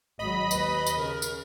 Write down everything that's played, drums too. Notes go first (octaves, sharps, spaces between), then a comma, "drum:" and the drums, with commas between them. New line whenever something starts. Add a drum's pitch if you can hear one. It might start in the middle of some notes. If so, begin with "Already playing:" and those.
G#1 F#3 D#5 B5
D#2 B4, drum: tambourine
drum: tambourine
C#3 A#4
drum: tambourine